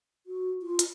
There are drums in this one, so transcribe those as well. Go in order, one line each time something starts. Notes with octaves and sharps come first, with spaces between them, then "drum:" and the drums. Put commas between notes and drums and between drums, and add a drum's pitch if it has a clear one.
F#4
F4
drum: hi-hat